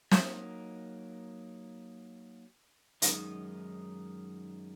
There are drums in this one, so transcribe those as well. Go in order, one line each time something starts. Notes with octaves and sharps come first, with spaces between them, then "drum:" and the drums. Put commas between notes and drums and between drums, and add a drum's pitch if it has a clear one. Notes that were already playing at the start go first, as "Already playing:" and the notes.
F#3 A#3 D#4, drum: snare
F#2 D#3 G#3 D#4, drum: hi-hat